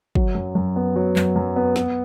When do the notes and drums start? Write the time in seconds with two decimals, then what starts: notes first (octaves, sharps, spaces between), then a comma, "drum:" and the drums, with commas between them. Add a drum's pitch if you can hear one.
0.15 F#3, drum: kick
0.35 F#2
0.55 F#2
0.76 B3
0.96 F#3
1.16 F#2, drum: clap
1.36 F#2
1.56 B3
1.76 B3, drum: snare